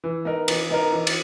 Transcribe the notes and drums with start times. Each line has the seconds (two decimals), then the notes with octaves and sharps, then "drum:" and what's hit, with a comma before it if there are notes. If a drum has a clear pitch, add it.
0.04 E3
0.25 B3 D#4 A#4
0.48 E3, drum: cymbal
0.70 B3 D#4 A#4
0.93 E3
1.07 drum: cymbal